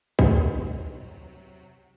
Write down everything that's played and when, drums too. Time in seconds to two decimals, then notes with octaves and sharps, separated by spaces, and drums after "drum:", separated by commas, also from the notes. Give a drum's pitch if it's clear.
0.19 C3 F#3, drum: kick